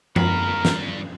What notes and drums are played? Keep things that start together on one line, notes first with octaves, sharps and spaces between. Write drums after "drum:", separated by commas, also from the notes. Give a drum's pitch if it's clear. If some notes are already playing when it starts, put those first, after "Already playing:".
G2 F3 A#4 B5, drum: tom
drum: snare